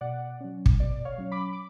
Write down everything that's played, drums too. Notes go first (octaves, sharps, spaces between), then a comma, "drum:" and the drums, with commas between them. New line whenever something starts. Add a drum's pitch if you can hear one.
B2 D5 F#5
F#3 C#4
drum: kick
B2 D5
C#5 F5
F#3 C#4
B5 D6
D6